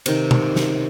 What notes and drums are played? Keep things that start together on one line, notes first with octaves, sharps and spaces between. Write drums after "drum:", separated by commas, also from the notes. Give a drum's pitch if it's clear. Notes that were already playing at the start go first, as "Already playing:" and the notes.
C3 D#3, drum: cymbal
drum: tom B2
drum: snare